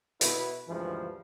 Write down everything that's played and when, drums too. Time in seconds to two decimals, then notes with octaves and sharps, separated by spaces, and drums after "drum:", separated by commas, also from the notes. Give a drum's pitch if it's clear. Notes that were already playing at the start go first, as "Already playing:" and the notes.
0.21 B2 E4 B4, drum: hi-hat
0.68 D2 G2 C#3 E3 F3 G#3